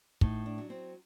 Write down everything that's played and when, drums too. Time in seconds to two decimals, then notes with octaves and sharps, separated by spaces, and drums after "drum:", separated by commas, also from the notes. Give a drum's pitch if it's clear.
0.21 A2 D#4, drum: kick
0.46 D4
0.58 F#3
0.70 C4